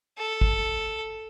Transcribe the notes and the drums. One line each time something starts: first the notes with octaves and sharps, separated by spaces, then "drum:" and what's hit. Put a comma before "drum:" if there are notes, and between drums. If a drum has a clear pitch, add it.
A4
drum: kick